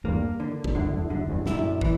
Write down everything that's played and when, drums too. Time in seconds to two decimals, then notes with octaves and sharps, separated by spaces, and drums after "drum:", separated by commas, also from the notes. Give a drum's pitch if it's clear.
0.04 E2 G2 A#3
0.40 D3
0.64 A#2, drum: kick
0.75 E2 G2 D3
0.94 E2
1.10 F#2 D3
1.28 E2 G2
1.46 F#2 A#2 E4, drum: snare
1.81 E3, drum: kick